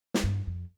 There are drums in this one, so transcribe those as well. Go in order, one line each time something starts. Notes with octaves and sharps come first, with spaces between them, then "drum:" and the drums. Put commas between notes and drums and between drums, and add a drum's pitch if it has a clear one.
drum: snare
G2
F2